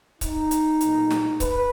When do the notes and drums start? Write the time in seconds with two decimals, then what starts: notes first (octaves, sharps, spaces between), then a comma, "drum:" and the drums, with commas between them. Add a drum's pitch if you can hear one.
0.21 D#4, drum: kick C#1, hi-hat
0.51 drum: hi-hat
0.81 B1 A#2 G#3, drum: hi-hat
1.10 drum: snare
1.40 B4, drum: kick C#1, hi-hat